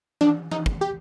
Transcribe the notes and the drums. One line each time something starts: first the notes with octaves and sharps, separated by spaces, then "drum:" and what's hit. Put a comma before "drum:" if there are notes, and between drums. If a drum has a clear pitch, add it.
D4, drum: tom E3
D#4, drum: tom E3
drum: kick
G4